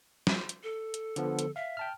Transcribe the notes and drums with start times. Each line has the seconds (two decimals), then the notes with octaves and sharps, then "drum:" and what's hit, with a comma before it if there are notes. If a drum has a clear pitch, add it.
0.27 drum: snare
0.49 drum: hi-hat
0.64 A4
0.94 drum: hi-hat
1.16 D3 F3 B3, drum: hi-hat
1.39 drum: hi-hat
1.56 E5 F5
1.77 G5 A5 F6